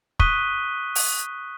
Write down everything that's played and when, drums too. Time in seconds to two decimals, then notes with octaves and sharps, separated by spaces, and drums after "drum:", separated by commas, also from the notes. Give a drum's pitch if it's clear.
0.19 C#6 D#6 F#6 B6 D#7 G7, drum: kick
0.95 drum: open hi-hat